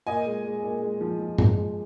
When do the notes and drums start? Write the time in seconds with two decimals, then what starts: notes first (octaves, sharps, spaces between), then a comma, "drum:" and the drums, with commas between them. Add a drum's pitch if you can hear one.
0.07 A#2 D#5 G#5
0.25 G#3
0.44 G#3
0.63 A#2
0.82 G#3
1.01 F3
1.19 F3
1.38 G#3, drum: tom G#2
1.57 G#3